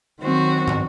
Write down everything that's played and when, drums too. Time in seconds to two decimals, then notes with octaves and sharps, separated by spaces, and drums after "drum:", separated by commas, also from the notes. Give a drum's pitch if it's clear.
0.21 D#3 F#3 C4 F#4
0.68 drum: tom